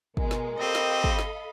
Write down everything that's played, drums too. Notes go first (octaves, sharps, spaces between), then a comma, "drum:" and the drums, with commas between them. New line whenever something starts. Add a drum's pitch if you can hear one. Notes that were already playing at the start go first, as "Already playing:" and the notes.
B2 G#3 A#4, drum: kick
drum: snare
C4 G4 A4 D#5 F5 B5
drum: snare
drum: kick
drum: snare